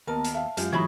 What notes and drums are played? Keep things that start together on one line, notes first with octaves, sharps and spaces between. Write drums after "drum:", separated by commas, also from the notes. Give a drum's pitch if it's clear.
D#2 A#3 B3 A#4 A5
drum: hi-hat
E5 F5 A5
F#2 G#3 F4 G4, drum: hi-hat
G#2 E3 F#3 B5 C#6 D#6 G#6